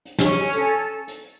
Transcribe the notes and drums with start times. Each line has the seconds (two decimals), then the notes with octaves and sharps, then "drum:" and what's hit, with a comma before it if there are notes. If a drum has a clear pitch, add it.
0.05 drum: hi-hat
0.19 C#4, drum: snare
0.53 A4, drum: hi-hat
1.08 drum: hi-hat